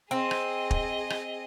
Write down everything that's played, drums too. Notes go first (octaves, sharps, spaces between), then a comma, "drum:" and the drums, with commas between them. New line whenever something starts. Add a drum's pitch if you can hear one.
C4 G#4 D#5
drum: rim click
drum: kick
drum: rim click